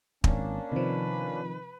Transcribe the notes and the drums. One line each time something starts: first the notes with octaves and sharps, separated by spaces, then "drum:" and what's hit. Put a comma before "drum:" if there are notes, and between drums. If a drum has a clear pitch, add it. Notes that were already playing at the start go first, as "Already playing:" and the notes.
G#1 A#3 C#4 D4, drum: kick
C3 D#3 F3 B4